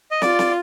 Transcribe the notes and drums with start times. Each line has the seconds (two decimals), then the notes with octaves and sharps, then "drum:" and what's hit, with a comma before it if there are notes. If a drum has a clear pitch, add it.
0.11 D#5
0.22 F4 D5, drum: snare
0.39 drum: snare